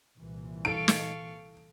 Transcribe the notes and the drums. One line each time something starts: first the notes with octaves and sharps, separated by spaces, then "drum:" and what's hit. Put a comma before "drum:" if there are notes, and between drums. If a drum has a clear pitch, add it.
C2 A#2 E3
A4 F5 C#6 D7
drum: snare